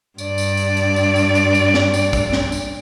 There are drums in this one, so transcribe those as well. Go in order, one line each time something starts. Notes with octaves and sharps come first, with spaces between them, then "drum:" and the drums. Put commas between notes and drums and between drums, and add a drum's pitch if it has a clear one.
G2 D5, drum: tambourine
drum: tambourine
drum: tambourine
drum: tambourine
drum: tambourine
drum: tambourine
drum: tambourine
drum: tambourine
drum: snare
drum: tambourine
drum: kick, tambourine
drum: snare
drum: tambourine